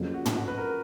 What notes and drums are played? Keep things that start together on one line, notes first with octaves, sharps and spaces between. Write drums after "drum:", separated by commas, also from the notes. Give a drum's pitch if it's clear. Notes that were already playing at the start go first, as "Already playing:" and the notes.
Already playing: F2 C#3 F#3 A#3
F#4
drum: tom
F#4
B4
A#4